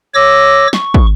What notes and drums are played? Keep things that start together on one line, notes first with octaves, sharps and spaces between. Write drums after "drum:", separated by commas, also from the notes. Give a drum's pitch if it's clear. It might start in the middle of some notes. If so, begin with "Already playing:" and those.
C#5 D6 E6 A#6
C#6, drum: snare
drum: kick